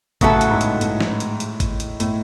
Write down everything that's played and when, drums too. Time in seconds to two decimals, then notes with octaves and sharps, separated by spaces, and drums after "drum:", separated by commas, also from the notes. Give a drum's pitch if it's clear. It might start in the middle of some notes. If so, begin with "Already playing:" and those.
0.21 A2 C#3 F#3 B3 E4 A4, drum: kick G#1, hi-hat
0.41 drum: hi-hat
0.51 G#2
0.61 drum: hi-hat
0.81 A2, drum: hi-hat
1.01 drum: snare
1.20 drum: hi-hat
1.40 drum: hi-hat
1.60 drum: kick G#1, hi-hat
1.80 drum: hi-hat
2.00 A2, drum: hi-hat